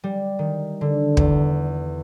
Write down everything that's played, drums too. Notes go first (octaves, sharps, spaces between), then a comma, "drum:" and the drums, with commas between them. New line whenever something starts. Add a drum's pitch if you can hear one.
G3
D#3
D3
E2, drum: kick